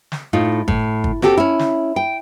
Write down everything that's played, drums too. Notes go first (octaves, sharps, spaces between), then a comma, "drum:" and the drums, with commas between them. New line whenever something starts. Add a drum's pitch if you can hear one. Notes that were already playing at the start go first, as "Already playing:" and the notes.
drum: snare
A2 D#4 F4
A2, drum: kick
drum: kick
C4 F#4 G4 A4, drum: snare
C#4 E4
drum: snare
G5